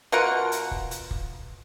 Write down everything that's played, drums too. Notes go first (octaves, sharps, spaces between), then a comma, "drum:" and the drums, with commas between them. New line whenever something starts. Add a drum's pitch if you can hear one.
B2 F4 A#4 F#5
drum: hi-hat
drum: kick
drum: hi-hat
drum: kick